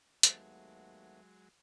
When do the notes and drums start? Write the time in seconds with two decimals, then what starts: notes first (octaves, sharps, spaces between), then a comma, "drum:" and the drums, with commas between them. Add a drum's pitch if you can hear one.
0.23 D#2 F#3 G#3 A3 B3, drum: hi-hat